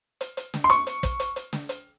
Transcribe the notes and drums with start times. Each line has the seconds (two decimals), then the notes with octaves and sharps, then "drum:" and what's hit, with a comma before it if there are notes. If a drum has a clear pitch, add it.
0.21 drum: hi-hat
0.37 drum: hi-hat
0.54 drum: snare
0.64 C6
0.70 C#6, drum: hi-hat
0.87 drum: hi-hat
1.03 drum: kick, hi-hat
1.20 drum: hi-hat
1.36 drum: hi-hat
1.53 drum: snare
1.69 drum: hi-hat